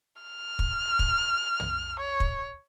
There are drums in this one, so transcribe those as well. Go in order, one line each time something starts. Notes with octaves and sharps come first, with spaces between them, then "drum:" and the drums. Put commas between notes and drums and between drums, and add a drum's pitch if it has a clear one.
F6
drum: kick
drum: kick
drum: tom
C#5
drum: kick